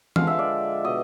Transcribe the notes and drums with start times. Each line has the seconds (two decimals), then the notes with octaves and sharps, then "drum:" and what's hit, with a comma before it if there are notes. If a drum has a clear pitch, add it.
0.16 D3 F3 G#3 F5, drum: tom E3
0.27 E5
0.39 D5
0.85 B2 D#5